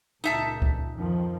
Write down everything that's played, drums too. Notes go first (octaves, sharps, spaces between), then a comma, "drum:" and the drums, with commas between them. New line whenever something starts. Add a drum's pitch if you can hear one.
C#2 A#2 D#4 E5 A5
drum: kick C#2
F2 D#3 F3